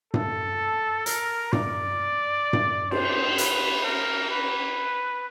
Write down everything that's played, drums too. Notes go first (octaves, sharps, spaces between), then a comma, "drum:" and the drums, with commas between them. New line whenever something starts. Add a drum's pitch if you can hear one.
A4, drum: tom G2
A#4, drum: hi-hat
D5, drum: tom G2
drum: tom G2
C5, drum: cymbal
B4, drum: hi-hat
A#4
B4